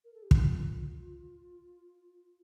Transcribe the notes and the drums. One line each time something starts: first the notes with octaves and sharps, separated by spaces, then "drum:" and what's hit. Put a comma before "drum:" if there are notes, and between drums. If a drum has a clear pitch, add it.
A#4
A4
G4
F4, drum: kick